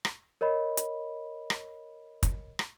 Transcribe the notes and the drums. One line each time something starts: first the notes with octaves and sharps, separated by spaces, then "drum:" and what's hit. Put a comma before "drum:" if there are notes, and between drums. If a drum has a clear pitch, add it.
drum: rim click
A#4 C#5 D#5 B5
drum: hi-hat
drum: rim click
drum: kick, hi-hat
drum: rim click